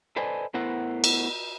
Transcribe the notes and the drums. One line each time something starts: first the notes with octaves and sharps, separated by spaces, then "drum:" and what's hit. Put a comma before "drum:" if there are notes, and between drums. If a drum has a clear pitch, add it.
A4 B4 C5 D5 D#5 G#5
A3 B3 E4 A#4 C5 F#5
drum: cymbal